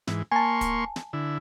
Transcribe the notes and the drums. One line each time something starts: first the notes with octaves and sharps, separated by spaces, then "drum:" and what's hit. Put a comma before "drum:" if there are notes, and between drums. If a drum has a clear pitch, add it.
G#2 E3, drum: snare
A#3 G#5 A5 C6 C#6
drum: kick, hi-hat
drum: snare
D3 E4